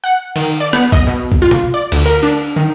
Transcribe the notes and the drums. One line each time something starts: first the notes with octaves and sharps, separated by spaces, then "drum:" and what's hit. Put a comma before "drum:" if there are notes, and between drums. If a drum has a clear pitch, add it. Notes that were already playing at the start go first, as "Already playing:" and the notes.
F#5
D#3, drum: cymbal
D5
B3, drum: rim click
D#5, drum: kick A#1
B2
drum: kick A#1
F4
drum: tom
D5
D2, drum: cymbal
A#4
D4
D#3